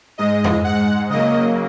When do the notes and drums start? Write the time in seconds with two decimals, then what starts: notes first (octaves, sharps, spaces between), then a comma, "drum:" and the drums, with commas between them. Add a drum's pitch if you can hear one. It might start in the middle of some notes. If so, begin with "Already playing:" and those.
0.18 G#2 G#3 D#5
0.44 drum: tom
0.64 F#5
1.09 C#3 F#3 A#3 D#5